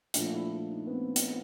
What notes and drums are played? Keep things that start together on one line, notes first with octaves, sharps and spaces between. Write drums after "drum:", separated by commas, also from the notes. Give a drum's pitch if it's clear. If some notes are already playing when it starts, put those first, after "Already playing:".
A#2 F3 A3 D4, drum: hi-hat
E4
E4
D#4
B3
C4
drum: hi-hat